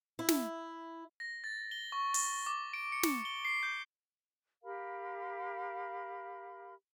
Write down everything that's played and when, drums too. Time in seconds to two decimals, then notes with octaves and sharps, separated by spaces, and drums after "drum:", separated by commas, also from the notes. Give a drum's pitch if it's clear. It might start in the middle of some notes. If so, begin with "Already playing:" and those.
0.19 E4
0.29 drum: snare
1.20 A#6
1.44 A6
1.71 G7
1.92 C#6
2.14 C#6, drum: open hi-hat
2.46 D6
2.74 D7
2.92 C#7
3.03 drum: snare
3.25 G7
3.45 C7
3.63 G6
4.63 G4 A#4 F5 B5